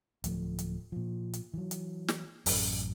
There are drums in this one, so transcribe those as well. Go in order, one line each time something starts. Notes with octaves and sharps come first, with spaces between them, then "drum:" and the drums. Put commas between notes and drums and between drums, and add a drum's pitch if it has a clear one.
D1 F3 A3, drum: hi-hat
drum: hi-hat
A#2 F3
drum: hi-hat
E3 F#3
drum: hi-hat
drum: snare
A1 F#2, drum: open hi-hat